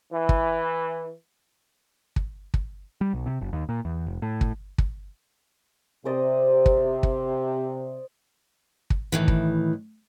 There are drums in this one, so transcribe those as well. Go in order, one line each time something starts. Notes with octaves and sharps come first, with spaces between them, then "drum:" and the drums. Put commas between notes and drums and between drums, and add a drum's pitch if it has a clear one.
E3
drum: kick
drum: kick
drum: kick
G3
B1
C3
F#1
D#2
A#2
E2
F1
A2
drum: kick
drum: kick
C3 C5 D5 D#5
drum: kick
drum: kick
drum: kick
A2 D#3 E3
drum: kick